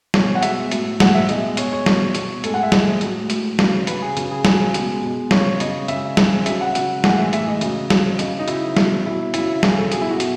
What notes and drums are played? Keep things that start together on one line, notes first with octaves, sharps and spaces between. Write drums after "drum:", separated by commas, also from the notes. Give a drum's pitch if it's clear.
B2 G#3 C#5, drum: snare
F#5
B2 G#3 E5, drum: hi-hat
A2 F#3, drum: hi-hat
A2 F#3 F#5, drum: snare
E5
B2 G#3 D#5, drum: hi-hat
B2 G#3 C#5, drum: hi-hat
C#5
B2 F#3, drum: snare
B2 F#3, drum: hi-hat
A2 G#3 A4, drum: hi-hat
F#5
E5
A2 G#3 D#5, drum: snare
A2 F#3, drum: hi-hat
A2 F#3, drum: hi-hat
C#3 F#3, drum: snare
C#3 F#3 B4, drum: hi-hat
G#4
C#3 F#3, drum: hi-hat
G#4
C#3 F#3 G#4, drum: snare
B2 G#3, drum: hi-hat
B2 G#3
C#3 F#3 C#5, drum: snare
C#3 F#3 D#5, drum: hi-hat
C#3 G#3 E5, drum: hi-hat
C#3, drum: snare
G#3
C#3 F#3 E5, drum: hi-hat
F#5
C#3 F#3, drum: hi-hat
A2 E3 G#3 F#5, drum: snare
E5
A2 E3 G#3 E5, drum: hi-hat
D#5
C#3 F#3, drum: hi-hat
C#3 F#3, drum: snare
C#3 F#3 D#5, drum: hi-hat
D#4
C#3 F#3 E4, drum: hi-hat
B2 F#3, drum: snare
B2 F#3 E4
C#3 F#3 E4, drum: hi-hat
C#3 F#3 G#4, drum: snare
A4
B2 F#3 G#4, drum: hi-hat
E4
F#4
B2, drum: hi-hat